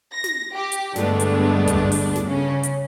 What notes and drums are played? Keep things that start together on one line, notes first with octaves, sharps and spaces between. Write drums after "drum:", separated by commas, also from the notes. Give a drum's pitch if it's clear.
A#6
drum: snare
G4
drum: hi-hat
G2 D3 G#3 A3 B3 D4, drum: snare
drum: hi-hat
drum: kick, hi-hat
drum: open hi-hat
drum: snare
C#3 C#4
drum: hi-hat